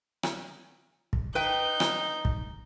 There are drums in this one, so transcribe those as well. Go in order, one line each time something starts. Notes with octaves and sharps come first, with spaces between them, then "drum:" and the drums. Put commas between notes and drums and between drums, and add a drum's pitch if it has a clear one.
drum: rim click
drum: kick
D#4 B4 G5 G6
drum: rim click
drum: kick